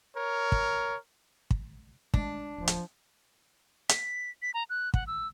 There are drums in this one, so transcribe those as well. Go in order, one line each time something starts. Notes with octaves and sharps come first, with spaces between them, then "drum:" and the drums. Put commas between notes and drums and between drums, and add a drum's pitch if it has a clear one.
A#4 C#5
drum: kick
drum: kick
G#3 A3 D4, drum: kick
D1 F3
drum: hi-hat
B6, drum: hi-hat
B6
A#5
F#6
F#5, drum: kick
E6